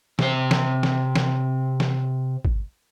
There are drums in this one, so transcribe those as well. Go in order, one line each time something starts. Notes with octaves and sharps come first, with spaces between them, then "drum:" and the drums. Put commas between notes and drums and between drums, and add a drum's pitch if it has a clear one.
C3 C5, drum: snare
drum: snare
drum: snare
drum: snare
drum: snare
drum: kick G#1